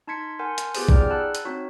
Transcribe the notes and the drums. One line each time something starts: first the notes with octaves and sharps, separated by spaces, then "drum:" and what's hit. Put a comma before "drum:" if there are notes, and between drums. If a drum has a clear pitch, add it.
D#4 A5 C6 G#6 B6 C#7
A#4 F#5 G#5 A5 C6 G6
drum: hi-hat
B3 F4 G4 G#4 B4 C5, drum: open hi-hat
D#4 G#4 D5 G5 A#5 F6, drum: kick A1
F#5 A5 B5 E6 F#6
drum: hi-hat
C4 D#4 F#4 C#5